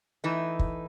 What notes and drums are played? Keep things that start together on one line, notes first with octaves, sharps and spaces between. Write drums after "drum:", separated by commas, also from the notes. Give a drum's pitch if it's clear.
E3 A3 D#4
drum: kick